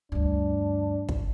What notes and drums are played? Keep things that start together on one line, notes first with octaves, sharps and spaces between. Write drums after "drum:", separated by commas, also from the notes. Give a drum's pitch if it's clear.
D2 G2 D4
drum: kick